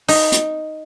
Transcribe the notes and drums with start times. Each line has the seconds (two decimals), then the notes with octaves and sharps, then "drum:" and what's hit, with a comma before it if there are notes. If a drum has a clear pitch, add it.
0.08 D#4, drum: open hi-hat
0.32 drum: hi-hat